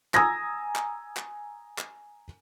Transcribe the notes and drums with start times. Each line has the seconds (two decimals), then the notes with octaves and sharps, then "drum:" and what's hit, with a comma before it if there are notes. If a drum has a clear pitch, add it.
0.14 G#5 A#5 D#6 E6 G#6 A#6, drum: clap
0.76 drum: clap
1.17 drum: clap
1.78 drum: clap